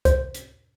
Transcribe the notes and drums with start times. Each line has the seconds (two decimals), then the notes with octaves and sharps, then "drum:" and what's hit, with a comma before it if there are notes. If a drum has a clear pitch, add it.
0.05 C5, drum: kick C2, hi-hat
0.35 drum: hi-hat